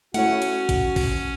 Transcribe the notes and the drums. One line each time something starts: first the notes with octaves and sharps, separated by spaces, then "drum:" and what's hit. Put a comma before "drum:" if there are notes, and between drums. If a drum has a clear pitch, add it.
A3 C#4 E4 F#4 C#5 F#5, drum: hi-hat
drum: hi-hat
drum: kick, hi-hat
drum: kick, open hi-hat